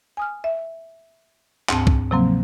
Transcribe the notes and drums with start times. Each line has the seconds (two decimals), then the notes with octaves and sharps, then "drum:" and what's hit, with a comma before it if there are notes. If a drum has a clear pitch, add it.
0.17 G#5 D#6 F6
0.44 E5
1.69 D2 G#2 C4 A5, drum: clap
1.87 drum: kick
2.11 C3 F3 F#3 A#3 C4